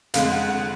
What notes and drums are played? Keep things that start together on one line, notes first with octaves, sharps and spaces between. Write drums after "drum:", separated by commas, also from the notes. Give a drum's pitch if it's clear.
F2 D3 G#3 F5, drum: hi-hat
F#5
F#5